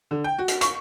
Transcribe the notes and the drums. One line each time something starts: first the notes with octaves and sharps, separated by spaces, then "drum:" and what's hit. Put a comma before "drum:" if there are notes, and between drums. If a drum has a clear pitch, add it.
D3
G5
F#4
drum: hi-hat
C#6, drum: hi-hat